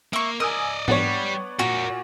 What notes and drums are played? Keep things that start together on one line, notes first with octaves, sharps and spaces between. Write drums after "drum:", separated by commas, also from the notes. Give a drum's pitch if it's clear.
A#3 E5 C#6
A#4 D5 D#5 G#5 D#6 E6
G3 B3 D4 C#5, drum: tom
A#2 F#4 A#4 C#5